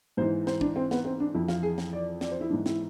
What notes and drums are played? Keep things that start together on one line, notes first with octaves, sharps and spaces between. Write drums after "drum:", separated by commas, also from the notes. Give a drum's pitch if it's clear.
G#2 E3 C5
C5, drum: snare
D4, drum: kick
C4
B3, drum: snare
C4
D4
F2 E3 E4
F4, drum: snare
G#4
drum: snare
D5
D5, drum: snare
C5
E4
G#2 E3 D4
E4, drum: snare